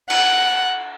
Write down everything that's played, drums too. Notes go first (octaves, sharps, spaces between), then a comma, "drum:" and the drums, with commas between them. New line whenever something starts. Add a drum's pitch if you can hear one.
F#5, drum: cymbal